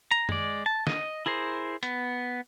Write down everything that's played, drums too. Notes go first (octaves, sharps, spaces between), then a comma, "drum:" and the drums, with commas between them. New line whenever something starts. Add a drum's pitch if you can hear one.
A#5
G#3 D5, drum: tom F#2
A5
D#5, drum: snare
E4 G#4 A#4 C5
B3, drum: hi-hat